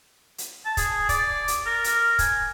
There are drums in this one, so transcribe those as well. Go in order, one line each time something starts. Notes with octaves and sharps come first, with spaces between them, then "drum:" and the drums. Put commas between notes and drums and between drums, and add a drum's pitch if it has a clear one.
drum: hi-hat
A5
G#4, drum: kick, hi-hat
D5, drum: kick, hi-hat
drum: hi-hat
A#4
drum: hi-hat
G#5, drum: kick, hi-hat